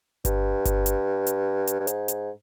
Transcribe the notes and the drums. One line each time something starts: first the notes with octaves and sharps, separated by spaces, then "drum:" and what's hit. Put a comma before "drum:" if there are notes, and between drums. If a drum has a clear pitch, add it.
G2, drum: kick G1, hi-hat
drum: kick G1, hi-hat
drum: hi-hat
drum: hi-hat
drum: hi-hat
G2
G#2, drum: hi-hat
drum: hi-hat